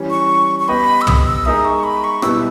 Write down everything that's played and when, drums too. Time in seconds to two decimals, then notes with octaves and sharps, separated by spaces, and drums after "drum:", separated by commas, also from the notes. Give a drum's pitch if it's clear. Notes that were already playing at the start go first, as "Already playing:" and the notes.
Already playing: E3 G3 C#4
0.10 C#6
0.59 C#6
0.68 B3 G4 B4 D#5 B5
1.01 E6
1.07 D#6, drum: tom
1.26 E6
1.45 G#3 D#4 A#4 E5 D#6
1.65 C#6
1.83 B5
2.04 C#6
2.22 B2 G3 B3 E4 G4 E6, drum: rim click